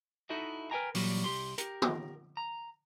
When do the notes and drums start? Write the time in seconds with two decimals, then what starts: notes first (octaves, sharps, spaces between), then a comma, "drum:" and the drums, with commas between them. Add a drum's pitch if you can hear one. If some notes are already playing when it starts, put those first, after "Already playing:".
0.29 D#4 E4 F#4 A4 D#5 E5
0.71 A#4 B4 D#5 G5 G#5 A#5
0.95 A#2 E3 F#3 G3 A#3 F#4, drum: open hi-hat
1.24 C2 G4 C6
1.58 G4 A#4, drum: hi-hat
1.82 drum: tom
2.37 A#5